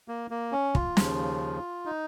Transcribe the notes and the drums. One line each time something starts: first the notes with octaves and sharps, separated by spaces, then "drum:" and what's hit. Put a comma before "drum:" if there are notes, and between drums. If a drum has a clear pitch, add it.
A#3
A#3
C#4
F4, drum: kick
D#2 C#3 F3, drum: snare
D#4